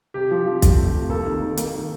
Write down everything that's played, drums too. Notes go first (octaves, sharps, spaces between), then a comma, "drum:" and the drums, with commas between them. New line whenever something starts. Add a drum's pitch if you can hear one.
C3 G4
F3
F3
C3, drum: kick, hi-hat
A3
C3
A#3 A4
D#3
D#3
A#3, drum: hi-hat
D#3